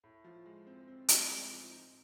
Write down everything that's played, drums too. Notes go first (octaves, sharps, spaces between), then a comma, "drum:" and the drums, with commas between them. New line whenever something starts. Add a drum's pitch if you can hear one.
A2
F3
G#3
C4
C4
A2, drum: hi-hat
G#3
F3
D#4